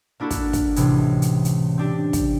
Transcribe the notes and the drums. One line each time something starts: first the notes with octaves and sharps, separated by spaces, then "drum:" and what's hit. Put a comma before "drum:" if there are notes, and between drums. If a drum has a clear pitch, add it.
A#3 D4 E4 F#4 A4
drum: kick, hi-hat
drum: kick, hi-hat
C#2 A2 C3 E3 G#3, drum: hi-hat
drum: hi-hat
drum: hi-hat
C4 D4 G4
drum: kick, hi-hat